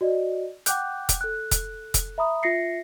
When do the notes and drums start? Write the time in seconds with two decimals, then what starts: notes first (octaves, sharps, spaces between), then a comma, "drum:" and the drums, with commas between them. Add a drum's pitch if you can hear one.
0.01 F#4 D5 D#5
0.66 F#5 G5 D6 F#6 G6, drum: hi-hat
1.09 drum: kick F1, hi-hat
1.21 A4 F#6
1.51 drum: kick F1, hi-hat
1.94 drum: kick F1, hi-hat
2.18 E5 A#5 B5 D#6
2.43 F4 E5 A#6 C7 C#7